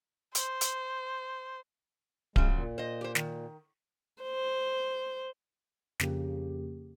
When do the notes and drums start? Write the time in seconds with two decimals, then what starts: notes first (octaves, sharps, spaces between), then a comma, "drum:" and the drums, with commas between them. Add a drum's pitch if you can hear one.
0.35 C5, drum: hi-hat
0.61 drum: hi-hat
2.36 C#3 F3 F#3 G#3, drum: kick D1
2.53 A#2
2.78 C5 D#5
3.01 G4 C5
3.15 D#3, drum: snare
4.23 C5
6.00 F2 C#3 A#3 G4, drum: snare